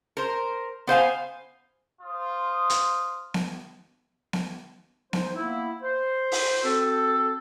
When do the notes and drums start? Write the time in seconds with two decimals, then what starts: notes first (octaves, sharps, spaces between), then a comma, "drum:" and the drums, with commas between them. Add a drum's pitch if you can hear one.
0.17 A#4 C5
0.87 B3 C5 F5 G#5
2.02 F4 C5 D#6
2.70 drum: hi-hat
3.34 drum: snare B3
4.33 drum: snare B3
5.13 D#4 C5, drum: snare B3
5.35 A#3 B3 E4
5.82 C5
6.32 drum: open hi-hat
6.64 C4 F#4 A4